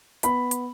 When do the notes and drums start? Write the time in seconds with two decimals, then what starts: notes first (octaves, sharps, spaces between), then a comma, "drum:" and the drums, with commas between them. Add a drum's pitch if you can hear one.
0.23 B3 B5, drum: hi-hat
0.51 drum: hi-hat